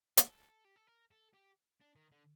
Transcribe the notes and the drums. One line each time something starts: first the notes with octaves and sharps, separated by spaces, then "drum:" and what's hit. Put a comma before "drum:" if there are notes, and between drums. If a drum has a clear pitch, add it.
A4, drum: hi-hat
G4
A4
A#4
A4
G4
D4
D#3
D3